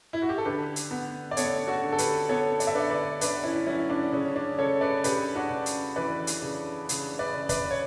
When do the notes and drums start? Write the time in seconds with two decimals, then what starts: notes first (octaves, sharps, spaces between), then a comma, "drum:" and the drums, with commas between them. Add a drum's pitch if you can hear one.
0.13 E4
0.22 F#4
0.29 G4
0.38 A4
0.45 D3 G4 B4
0.76 drum: hi-hat
0.91 B3
1.31 D5
1.37 B3 A4 C#5, drum: hi-hat
1.67 F#4 A4
1.83 D3
1.92 A4
1.98 G4 B4, drum: hi-hat
2.29 B3 A4 C#5
2.60 D5, drum: hi-hat
2.67 E5
2.75 D3 B4 D5
2.90 B4 D5
3.21 D3 B4 D5, drum: hi-hat
3.43 C#4 E4
3.66 F#3 C#4 E4
3.89 D4
4.12 C#3 C#4
4.36 D4
4.58 C#3 A4 C#5
4.81 B4 D5
5.04 C#3 G4 B4, drum: hi-hat
5.35 D4 F#4
5.50 C#3
5.66 drum: hi-hat
5.96 E3 B4 D5
6.27 drum: hi-hat
6.42 C#3
6.89 C#3, drum: hi-hat
7.19 B4 D5
7.34 C#3
7.49 B4 D5, drum: kick, hi-hat
7.71 C#5